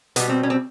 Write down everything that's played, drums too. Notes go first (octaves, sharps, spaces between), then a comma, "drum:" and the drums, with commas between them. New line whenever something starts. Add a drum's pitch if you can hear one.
B2 G3 B3, drum: hi-hat
C4
C#4
C4